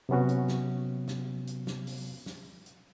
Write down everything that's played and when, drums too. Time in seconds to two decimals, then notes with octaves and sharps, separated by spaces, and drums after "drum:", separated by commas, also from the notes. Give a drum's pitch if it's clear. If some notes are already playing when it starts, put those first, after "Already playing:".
0.09 C3 F#3 B3 C#4 F#4
0.29 drum: hi-hat
0.48 drum: snare
1.08 drum: snare
1.47 drum: hi-hat
1.67 drum: snare
1.87 drum: open hi-hat
2.26 drum: snare
2.66 drum: hi-hat